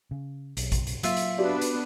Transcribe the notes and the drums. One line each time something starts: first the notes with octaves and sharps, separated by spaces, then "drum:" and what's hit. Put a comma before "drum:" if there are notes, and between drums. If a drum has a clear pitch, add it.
C#3
B1, drum: hi-hat
drum: kick, hi-hat
drum: hi-hat
F#3 A#3 F4 E5, drum: hi-hat
drum: hi-hat
B3 D4 F#4 G4 B4 D5
drum: hi-hat